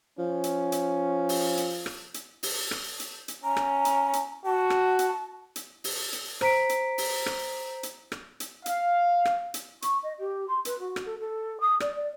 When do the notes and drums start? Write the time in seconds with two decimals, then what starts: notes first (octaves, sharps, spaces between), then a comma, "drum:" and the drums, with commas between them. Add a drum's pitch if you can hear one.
0.19 F3 C#4
0.44 drum: hi-hat
0.72 drum: hi-hat
1.29 drum: open hi-hat
1.57 drum: hi-hat
1.86 drum: rim click
2.14 drum: hi-hat
2.43 drum: open hi-hat
2.71 drum: rim click
3.00 drum: hi-hat
3.28 drum: hi-hat
3.44 C#4 A#5
3.57 drum: rim click
3.85 drum: hi-hat
4.13 drum: hi-hat
4.46 F#4 A5
4.70 drum: rim click
4.99 drum: hi-hat
5.56 drum: hi-hat
5.84 drum: open hi-hat
6.13 drum: hi-hat
6.41 C5 A#5 B6 D7, drum: rim click
6.69 drum: hi-hat
6.98 drum: open hi-hat
7.26 drum: rim click
7.83 drum: hi-hat
8.12 drum: rim click
8.40 drum: hi-hat
8.66 F5, drum: hi-hat
9.25 drum: rim click
9.54 drum: hi-hat
9.82 C#6, drum: hi-hat
10.03 D#5
10.19 G4
10.48 C6
10.65 B4, drum: hi-hat
10.79 F#4
10.96 drum: rim click
11.05 A4
11.20 A4
11.60 D#6
11.80 D5, drum: rim click
11.95 D5